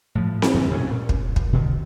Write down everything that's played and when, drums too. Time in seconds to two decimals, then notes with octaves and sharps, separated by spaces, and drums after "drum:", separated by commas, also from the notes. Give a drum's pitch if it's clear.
0.15 A2 F3
0.42 drum: snare C4
0.54 F#2 D3 A#3
0.71 C2 B2 E3 C#4
0.90 A#2
1.09 drum: kick
1.36 drum: kick
1.53 B2 D3 D#3